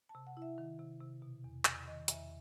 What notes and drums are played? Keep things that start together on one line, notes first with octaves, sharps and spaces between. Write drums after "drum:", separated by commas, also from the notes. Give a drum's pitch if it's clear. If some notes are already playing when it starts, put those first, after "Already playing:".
A5
C3
F#5
E4
E5
D#3
C3
C3
B2
E2
E2, drum: clap
D#3 D#5
E2 E5, drum: hi-hat